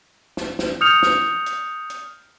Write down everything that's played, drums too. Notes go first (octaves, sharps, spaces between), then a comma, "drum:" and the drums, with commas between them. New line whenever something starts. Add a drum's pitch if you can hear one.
drum: snare
drum: snare
D#6 F6 G6 C#7 F7
drum: snare
drum: hi-hat
drum: hi-hat